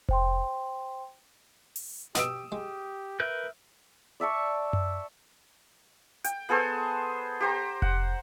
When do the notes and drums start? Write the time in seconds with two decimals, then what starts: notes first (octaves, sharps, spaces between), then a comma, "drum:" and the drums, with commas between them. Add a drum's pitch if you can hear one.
0.09 C5 G5 C6, drum: kick F1
1.76 drum: open hi-hat
2.15 B2 B3 D#4 G4 D#6 E6 D7, drum: snare
2.52 G#3 G4
3.20 A#4 B4 E5 G6
4.20 D5 E5 A5 C#6
4.73 drum: tom F#2
6.24 G5, drum: hi-hat
6.49 B3 G#4 A4 C5
7.40 G4 C5 A#5
7.82 F#5, drum: kick F1